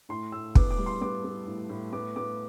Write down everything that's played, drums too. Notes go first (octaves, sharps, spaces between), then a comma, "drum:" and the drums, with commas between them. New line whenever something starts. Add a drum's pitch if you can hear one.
A2 C6
A2 E6
B3 D6, drum: kick
D6
G3
C6
B3 D6
B3
A2
A2
B3 D6
B3 D6